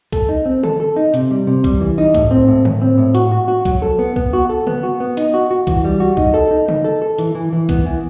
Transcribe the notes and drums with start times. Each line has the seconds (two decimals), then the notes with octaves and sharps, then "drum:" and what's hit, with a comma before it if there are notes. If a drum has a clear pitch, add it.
0.13 A4, drum: kick B1, hi-hat
0.29 D#4
0.46 C4
0.63 A4, drum: tom D3
0.80 A4
0.96 D#4
1.14 C3, drum: hi-hat
1.31 G3
1.47 C3
1.64 G3, drum: kick B1, hi-hat
1.81 E3
1.98 D#4
2.14 A2, drum: kick B1, hi-hat
2.31 C4
2.48 A2
2.65 A2, drum: tom D3
2.81 C4
2.98 A2
3.15 F#4, drum: hi-hat
3.32 F#4
3.48 F#4
3.65 F#3, drum: kick B1, hi-hat
3.82 A4
3.99 B3
4.16 B3, drum: kick B1
4.33 F#4
4.49 A4
4.67 B3, drum: tom C#3
4.83 F#4
5.00 B3
5.17 D#4, drum: hi-hat
5.34 F#4
5.51 F#4
5.67 E3, drum: kick B1, hi-hat
5.84 G3
6.00 F#4
6.17 D#4, drum: kick B1
6.34 A4
6.51 D#4
6.69 D#4, drum: tom C#3
6.84 A4
7.02 A4
7.18 E3, drum: hi-hat
7.35 E3
7.53 E3
7.69 B3, drum: kick B1, hi-hat
7.86 E3